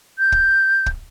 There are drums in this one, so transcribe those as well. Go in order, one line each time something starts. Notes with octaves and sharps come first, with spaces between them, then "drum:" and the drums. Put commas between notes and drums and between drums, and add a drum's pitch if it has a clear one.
G6
drum: kick
drum: kick